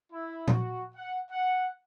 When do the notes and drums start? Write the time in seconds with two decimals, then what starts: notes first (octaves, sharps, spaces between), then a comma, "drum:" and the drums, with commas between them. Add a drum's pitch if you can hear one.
0.12 E4
0.48 F#4, drum: tom A#2
0.94 F#5
1.30 F#5